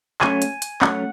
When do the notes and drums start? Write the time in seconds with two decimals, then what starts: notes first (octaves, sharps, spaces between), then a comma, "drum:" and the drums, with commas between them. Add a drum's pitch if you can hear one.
0.21 F#3 A3 C#4 G#5, drum: clap
0.42 drum: hi-hat
0.62 drum: hi-hat
0.82 F#3 A3 C#4 F#5, drum: clap